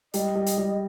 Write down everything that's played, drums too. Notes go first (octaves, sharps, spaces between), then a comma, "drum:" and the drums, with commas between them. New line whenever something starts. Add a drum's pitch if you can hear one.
G3 D#5, drum: hi-hat
G3
drum: hi-hat
G3